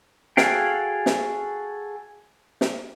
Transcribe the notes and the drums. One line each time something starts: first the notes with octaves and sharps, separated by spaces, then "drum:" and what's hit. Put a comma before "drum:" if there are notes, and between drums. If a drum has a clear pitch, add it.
F#4 G#4 A4 F5 G5, drum: snare
drum: snare
drum: snare